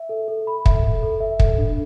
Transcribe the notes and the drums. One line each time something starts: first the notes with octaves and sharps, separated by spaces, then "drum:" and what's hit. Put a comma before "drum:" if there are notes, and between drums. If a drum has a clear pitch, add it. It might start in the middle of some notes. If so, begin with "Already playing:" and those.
Already playing: E5
A4
A4
B5
E5, drum: kick
A4
A4
E5
A4, drum: kick
D4